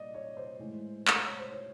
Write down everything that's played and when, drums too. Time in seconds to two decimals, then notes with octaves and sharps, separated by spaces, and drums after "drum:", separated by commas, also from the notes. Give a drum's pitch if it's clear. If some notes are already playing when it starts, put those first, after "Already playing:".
Already playing: A#2 G3 D5 D#5
0.14 C#5
0.37 C5
0.59 A2 E3 G#3
1.08 drum: clap
1.25 C#5
1.38 C5
1.52 C#5